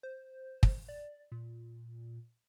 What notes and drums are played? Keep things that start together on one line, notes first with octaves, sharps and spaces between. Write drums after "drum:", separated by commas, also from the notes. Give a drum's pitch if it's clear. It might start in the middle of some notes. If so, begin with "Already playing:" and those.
C5
drum: kick
D5
A#2